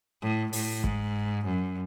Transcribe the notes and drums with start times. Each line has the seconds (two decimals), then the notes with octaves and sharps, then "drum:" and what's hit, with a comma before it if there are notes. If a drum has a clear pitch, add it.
0.22 A2
0.53 A2, drum: open hi-hat
0.84 G#2, drum: kick F#1
1.45 F#2